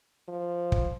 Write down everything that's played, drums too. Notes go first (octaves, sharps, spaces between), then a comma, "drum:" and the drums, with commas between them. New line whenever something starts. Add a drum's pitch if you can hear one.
F3
drum: kick